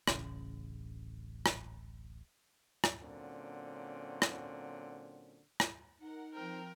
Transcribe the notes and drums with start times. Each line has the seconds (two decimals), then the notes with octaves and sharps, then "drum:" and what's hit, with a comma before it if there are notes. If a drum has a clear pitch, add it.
0.07 D1 A1 C#3, drum: rim click
1.46 drum: rim click
2.84 drum: rim click
3.01 A#2 D3 F#3 C4 C#4
4.22 drum: rim click
5.60 drum: rim click
6.01 D#4 A#4 F#5
6.34 F3 C4 A#4 G5